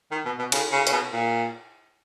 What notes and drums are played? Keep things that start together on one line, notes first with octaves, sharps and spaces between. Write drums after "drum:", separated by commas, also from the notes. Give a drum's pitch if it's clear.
D#3
B2
B2
C#3, drum: cymbal
C#3
C#3, drum: hi-hat
B2
A#2